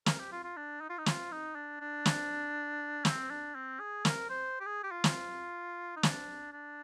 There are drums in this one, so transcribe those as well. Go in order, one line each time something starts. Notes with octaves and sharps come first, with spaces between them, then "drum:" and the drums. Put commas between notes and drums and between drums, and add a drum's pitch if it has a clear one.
A#4, drum: snare
G4
F4
F4
D4
D#4
F4
D#4
F4, drum: snare
D#4
D4
D4
drum: snare
C4, drum: snare
D4
C4
G#4
A#4, drum: snare
C5
G4
G#4
G4
F4
drum: snare
D#4
D4, drum: snare
D4